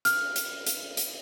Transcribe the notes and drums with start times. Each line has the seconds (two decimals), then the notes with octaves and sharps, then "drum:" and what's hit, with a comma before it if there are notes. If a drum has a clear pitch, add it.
0.05 F6, drum: hi-hat
0.36 drum: hi-hat
0.67 drum: hi-hat
0.97 drum: hi-hat